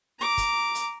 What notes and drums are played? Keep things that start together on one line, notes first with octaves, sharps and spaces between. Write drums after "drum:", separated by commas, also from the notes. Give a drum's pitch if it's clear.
A#5 D6
drum: kick, hi-hat
drum: hi-hat